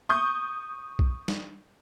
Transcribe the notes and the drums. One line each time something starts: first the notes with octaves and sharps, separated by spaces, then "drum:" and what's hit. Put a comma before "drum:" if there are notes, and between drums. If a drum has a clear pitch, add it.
C#6 D#6 G6
drum: kick B1
drum: snare